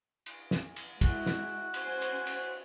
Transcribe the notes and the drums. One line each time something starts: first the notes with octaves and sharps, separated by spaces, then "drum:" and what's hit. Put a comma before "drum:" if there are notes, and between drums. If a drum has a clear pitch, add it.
drum: cymbal
drum: snare
drum: cymbal
G#3 E4 F#4, drum: kick, cymbal
drum: snare
C#4 C5 G#5, drum: cymbal
drum: cymbal
drum: cymbal